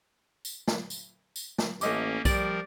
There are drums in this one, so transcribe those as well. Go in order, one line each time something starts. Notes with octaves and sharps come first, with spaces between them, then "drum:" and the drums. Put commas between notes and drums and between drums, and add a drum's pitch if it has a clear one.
drum: tambourine
drum: snare
drum: tambourine
drum: tambourine
drum: snare
A1 A3 A#3 C#4 D#5 D6, drum: tambourine
F3 G3 A#4 D5, drum: kick B1, tambourine